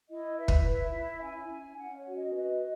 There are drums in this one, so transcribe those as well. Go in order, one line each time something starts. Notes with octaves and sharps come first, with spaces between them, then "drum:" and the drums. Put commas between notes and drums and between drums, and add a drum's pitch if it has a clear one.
E4 D#5
B4 E5
drum: kick
E4
E4
C#4 G#5
C#4
C#4 F#5
C#5
F#4
D#5
B4 D#5